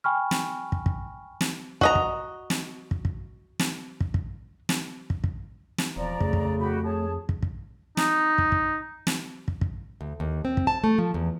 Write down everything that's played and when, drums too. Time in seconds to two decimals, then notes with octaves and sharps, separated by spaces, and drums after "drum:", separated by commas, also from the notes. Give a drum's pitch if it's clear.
0.04 G5 G#5 B5 C#6 F6
0.31 drum: snare
0.72 drum: kick
0.86 drum: kick
1.41 drum: snare
1.81 F#4 D#5 A#5, drum: kick
1.95 drum: kick
2.50 drum: snare
2.91 drum: kick
3.05 drum: kick
3.59 drum: snare
4.00 drum: kick
4.14 drum: kick
4.69 drum: snare
5.10 drum: kick
5.24 drum: kick
5.78 drum: snare
5.96 E1 F3 D5 A#5
6.20 F2 C#3 A3, drum: kick
6.33 drum: kick
6.59 F#4 G4 B5
6.84 G#4 C#5 A5
7.29 drum: kick
7.42 drum: kick
7.97 D#4, drum: snare
8.38 drum: kick
8.52 drum: kick
9.07 drum: snare
9.48 drum: kick
9.61 drum: kick
10.01 D2
10.20 D#2
10.45 C4
10.57 drum: kick
10.67 A5
10.84 A3
10.98 F3
11.14 E2